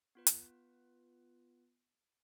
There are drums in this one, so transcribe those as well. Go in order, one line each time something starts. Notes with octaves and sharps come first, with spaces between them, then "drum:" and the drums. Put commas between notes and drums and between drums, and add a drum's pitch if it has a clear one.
B3 F4 B4
drum: hi-hat